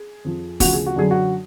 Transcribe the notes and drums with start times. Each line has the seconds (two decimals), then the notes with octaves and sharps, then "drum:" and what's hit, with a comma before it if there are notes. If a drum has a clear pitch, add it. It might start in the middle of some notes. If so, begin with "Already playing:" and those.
Already playing: G#4
0.24 F2 F3
0.60 D2 C#3 F3 F#4, drum: kick, open hi-hat
0.73 G#4
0.86 F#4
0.96 F#2 D3 F#3 G#4
1.11 F#4